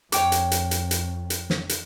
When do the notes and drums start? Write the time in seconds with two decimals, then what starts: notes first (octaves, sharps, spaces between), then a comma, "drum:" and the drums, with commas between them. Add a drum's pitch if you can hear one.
0.12 F2 C#5 G5 D6, drum: hi-hat
0.32 drum: hi-hat
0.52 drum: hi-hat
0.71 drum: hi-hat
0.91 drum: hi-hat
1.30 drum: hi-hat
1.50 drum: snare
1.69 drum: hi-hat